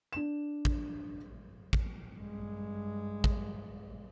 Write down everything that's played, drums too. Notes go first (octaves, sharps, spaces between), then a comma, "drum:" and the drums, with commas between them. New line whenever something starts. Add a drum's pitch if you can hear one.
D4 E7
drum: kick
drum: kick
G2 G#3
drum: kick